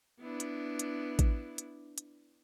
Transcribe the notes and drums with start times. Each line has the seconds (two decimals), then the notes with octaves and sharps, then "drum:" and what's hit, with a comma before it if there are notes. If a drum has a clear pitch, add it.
0.20 B3 D4 E4
0.40 drum: hi-hat
0.79 drum: hi-hat
1.19 drum: kick A1, hi-hat
1.58 drum: hi-hat
1.98 drum: hi-hat